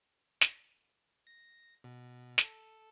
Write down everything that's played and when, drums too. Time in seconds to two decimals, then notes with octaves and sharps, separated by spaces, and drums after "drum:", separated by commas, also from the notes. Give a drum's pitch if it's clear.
0.41 drum: snare
1.27 A#6
1.84 B2
2.38 A4, drum: snare